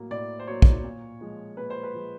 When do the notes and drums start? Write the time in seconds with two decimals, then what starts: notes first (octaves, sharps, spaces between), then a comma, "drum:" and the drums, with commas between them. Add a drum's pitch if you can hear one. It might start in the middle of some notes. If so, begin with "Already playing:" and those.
Already playing: A2 F#3 A#3
0.11 A2 D5
0.39 C5
0.47 F#3 A#3 C#5
0.62 drum: kick
0.84 A#2
1.21 F3 G#3
1.57 A#2 B4
1.70 C5
1.83 B4
1.94 F3 G#3